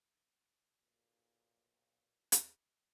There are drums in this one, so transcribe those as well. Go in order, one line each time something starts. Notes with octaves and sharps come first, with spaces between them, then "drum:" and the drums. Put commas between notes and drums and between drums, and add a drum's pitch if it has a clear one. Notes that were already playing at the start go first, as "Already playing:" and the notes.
B1 A#2
drum: hi-hat